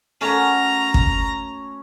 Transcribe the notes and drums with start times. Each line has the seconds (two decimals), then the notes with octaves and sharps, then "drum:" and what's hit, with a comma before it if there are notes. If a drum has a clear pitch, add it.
0.21 A3 A#3 C#4 F#4 A#5
0.94 drum: kick